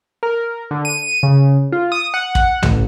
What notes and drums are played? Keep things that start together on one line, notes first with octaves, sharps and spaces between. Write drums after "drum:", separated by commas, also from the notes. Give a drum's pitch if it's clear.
A#4
D3
D#7
C#3
F4
D#6
F#5
drum: kick
A1, drum: tom C2